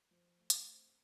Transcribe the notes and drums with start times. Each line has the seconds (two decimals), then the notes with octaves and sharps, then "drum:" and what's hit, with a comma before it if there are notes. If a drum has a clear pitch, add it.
0.11 F3
0.38 A3
0.50 drum: hi-hat
0.67 C4